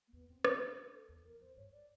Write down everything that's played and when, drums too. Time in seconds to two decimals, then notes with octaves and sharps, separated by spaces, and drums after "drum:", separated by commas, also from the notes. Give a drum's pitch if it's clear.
0.07 A#3
0.12 E2 B3
0.29 F2 C4
0.45 F2 C#4, drum: rim click
0.61 D4
0.93 A4
1.08 E2
1.25 E2 A#4
1.40 F2 C5
1.56 G2 C#5
1.72 D5